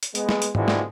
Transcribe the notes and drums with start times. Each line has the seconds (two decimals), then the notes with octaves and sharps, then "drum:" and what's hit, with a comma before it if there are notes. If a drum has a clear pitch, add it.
0.03 drum: hi-hat
0.15 G#3 B3, drum: hi-hat
0.29 drum: snare
0.42 drum: hi-hat
0.55 B2 D3 F3 G3 G#3 E4, drum: tom G#2
0.68 drum: snare